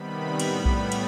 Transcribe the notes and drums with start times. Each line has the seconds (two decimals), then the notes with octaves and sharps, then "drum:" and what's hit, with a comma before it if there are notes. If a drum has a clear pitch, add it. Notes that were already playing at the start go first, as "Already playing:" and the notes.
Already playing: C3 D#3 G3 B3 B5
0.40 A2 G3 B3, drum: cymbal
0.65 drum: kick B1
0.92 drum: cymbal